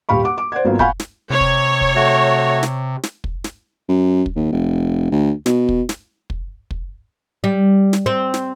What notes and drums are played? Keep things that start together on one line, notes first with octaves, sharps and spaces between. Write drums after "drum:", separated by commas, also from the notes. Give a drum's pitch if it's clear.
D#1 G4 F5 B5 C#6
F#5 D6
D6
C5 D5 F#5 G#6
G#1 F#3 A#3 B3 F4
F5 F#5 G#5 B5 C#6 G6, drum: kick
drum: snare
C3 C#5
drum: kick
drum: kick
A3 F#4
drum: snare
drum: snare
drum: kick
drum: snare
F#2
drum: kick
D#2
F1
D2
B2, drum: snare
drum: kick
drum: snare
drum: kick
drum: kick
G3
drum: snare
C4
drum: snare